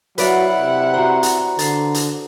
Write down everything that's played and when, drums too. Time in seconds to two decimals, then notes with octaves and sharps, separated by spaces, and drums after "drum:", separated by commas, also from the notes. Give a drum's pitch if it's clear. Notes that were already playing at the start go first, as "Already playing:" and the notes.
0.18 F#3 E4 B4 D5 F5 F#5, drum: hi-hat
0.59 C3
0.94 F#4 C5 A#5
1.23 drum: hi-hat
1.59 D3 A6 C7, drum: hi-hat
1.94 drum: hi-hat